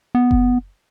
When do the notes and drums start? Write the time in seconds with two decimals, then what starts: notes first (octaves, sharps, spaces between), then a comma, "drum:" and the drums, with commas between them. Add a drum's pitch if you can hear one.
0.15 B3
0.31 drum: kick F#1